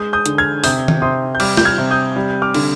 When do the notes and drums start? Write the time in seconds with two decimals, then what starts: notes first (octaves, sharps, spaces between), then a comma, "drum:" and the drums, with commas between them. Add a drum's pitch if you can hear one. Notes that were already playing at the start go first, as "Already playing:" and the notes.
Already playing: G#3 D#6 G6
0.13 D#6 G6
0.26 D3, drum: hi-hat
0.38 F6 G#6
0.64 C3 D#6 G6, drum: open hi-hat
0.88 drum: tom D#3
1.02 C3 C6 D#6
1.35 G6
1.40 G3 D6 F6, drum: cymbal
1.57 G6, drum: snare
1.65 F6 G#6
1.78 C3
1.91 D#6 G6
2.16 G3
2.42 D6 F6
2.54 D3, drum: cymbal